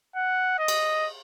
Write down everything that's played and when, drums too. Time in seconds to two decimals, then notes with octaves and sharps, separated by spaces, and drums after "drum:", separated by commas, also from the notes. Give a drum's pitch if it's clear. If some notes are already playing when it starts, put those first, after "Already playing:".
0.16 F#5
0.59 D#5
0.68 drum: cymbal